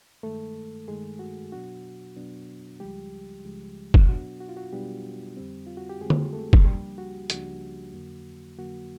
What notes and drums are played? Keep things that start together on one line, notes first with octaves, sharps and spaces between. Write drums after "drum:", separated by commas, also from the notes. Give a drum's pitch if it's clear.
G2 D#3 G#3 A3 A4
G2 D#3 G#3 G#4
F#4
B2 F#3 B3 D4 F#4
B2 F#3 B3 D4
C#2 C#3 F3 G3 G#3 G4
C#2 C#3 F3 G#3
drum: kick
B2 F#3 B3 D4 F#4
F#4
F4
F#4
B2 F#3 G3 B3 D4 G4
F2 D3 G3 C4
F4
F#4
G4
F2 D3 G3 G#3 C4 G#4
drum: tom D3
A3 A4
drum: kick
C#2 C#3 F3 G3 A#3 D4 G4
F#4
C#2 C#3 F3 A#3 D4 F#4, drum: hi-hat
F2 D3 F#3 A#3
F2 D3 F#3 A#3 F#4